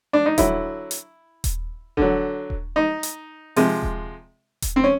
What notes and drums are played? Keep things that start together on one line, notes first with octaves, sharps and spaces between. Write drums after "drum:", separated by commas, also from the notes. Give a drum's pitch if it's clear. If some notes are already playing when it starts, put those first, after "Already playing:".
D4
D#4
D3 F#3 E4, drum: kick D#1, hi-hat
drum: hi-hat
drum: kick D#1, hi-hat
D3 F#3, drum: kick D#1
drum: kick D#1
D#4
drum: hi-hat
C3 F3 G#3, drum: open hi-hat
drum: kick D#1
drum: kick D#1, hi-hat
C4
C#4